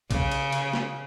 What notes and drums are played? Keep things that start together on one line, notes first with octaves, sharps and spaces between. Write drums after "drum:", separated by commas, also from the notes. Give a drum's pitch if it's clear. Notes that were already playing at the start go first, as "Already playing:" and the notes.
C#3, drum: kick B1, cymbal
drum: cymbal
drum: cymbal
drum: snare